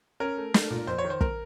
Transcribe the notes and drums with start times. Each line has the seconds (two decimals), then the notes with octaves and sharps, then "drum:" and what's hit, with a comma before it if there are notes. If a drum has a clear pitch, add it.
0.20 C#4 A#4
0.37 A3
0.54 A3, drum: snare
0.70 A#2
0.87 F2 C5
0.98 C#5
1.04 D#3
1.10 C5
1.21 A#4, drum: kick